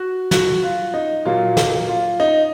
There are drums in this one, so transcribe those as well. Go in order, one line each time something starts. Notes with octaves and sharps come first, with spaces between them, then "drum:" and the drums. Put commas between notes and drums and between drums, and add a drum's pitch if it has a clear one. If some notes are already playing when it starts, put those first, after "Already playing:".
Already playing: F#4
F#4, drum: snare
F4
D#4
A#2 F#3 A#3 F4
drum: snare
F4
D#4